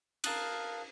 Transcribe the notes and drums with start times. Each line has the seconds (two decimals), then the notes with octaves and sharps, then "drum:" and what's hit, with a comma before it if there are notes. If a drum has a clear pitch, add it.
0.24 A#4 F5 A5 D#6 F#6, drum: cymbal